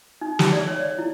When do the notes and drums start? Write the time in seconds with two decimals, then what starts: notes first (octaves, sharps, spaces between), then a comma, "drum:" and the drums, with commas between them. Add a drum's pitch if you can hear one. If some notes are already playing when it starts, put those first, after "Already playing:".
0.21 D#4
0.39 G4, drum: snare
0.53 D5
0.68 C#5
0.80 D5
0.98 E4